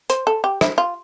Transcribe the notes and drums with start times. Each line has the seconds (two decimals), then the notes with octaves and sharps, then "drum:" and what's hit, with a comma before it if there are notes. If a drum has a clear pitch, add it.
0.10 C5, drum: hi-hat
0.27 A4
0.44 G4
0.61 E4, drum: rim click
0.78 F4